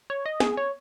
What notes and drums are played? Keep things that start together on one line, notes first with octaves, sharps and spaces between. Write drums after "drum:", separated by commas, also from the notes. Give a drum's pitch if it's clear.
C#5
D#5
G#4, drum: snare
C#5